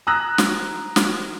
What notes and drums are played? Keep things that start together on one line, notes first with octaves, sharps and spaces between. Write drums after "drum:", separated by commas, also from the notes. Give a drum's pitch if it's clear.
A#5 D#6 E6 F#6 A#6
drum: snare
drum: snare